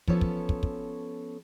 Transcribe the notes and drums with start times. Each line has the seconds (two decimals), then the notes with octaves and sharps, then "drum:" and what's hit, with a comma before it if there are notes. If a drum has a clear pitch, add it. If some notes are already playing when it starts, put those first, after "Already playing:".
0.08 F3 B3 C#4 A4 C#5, drum: kick
0.21 drum: kick
0.49 drum: kick
0.63 drum: kick